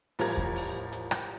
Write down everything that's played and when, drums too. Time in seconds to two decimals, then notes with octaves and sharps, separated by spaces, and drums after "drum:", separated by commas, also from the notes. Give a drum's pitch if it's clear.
0.19 A1 F3 G3 A#4 G#6, drum: open hi-hat
0.37 drum: kick E2
0.56 drum: open hi-hat
0.93 drum: hi-hat
1.11 drum: rim click